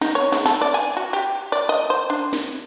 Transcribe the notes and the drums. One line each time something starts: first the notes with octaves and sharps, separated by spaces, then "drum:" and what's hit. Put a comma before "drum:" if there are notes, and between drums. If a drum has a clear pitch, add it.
D#4, drum: snare
C#5
G#3, drum: snare
A4, drum: snare
D5
G#5, drum: cymbal
F#4
G4, drum: open hi-hat
D5, drum: tambourine
D#5
C5
D4
drum: snare